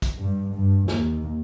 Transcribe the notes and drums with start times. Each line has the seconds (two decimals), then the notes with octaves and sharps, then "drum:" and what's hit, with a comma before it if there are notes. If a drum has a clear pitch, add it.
0.02 drum: kick, hi-hat
0.18 G2
0.54 G2
0.88 D#2, drum: snare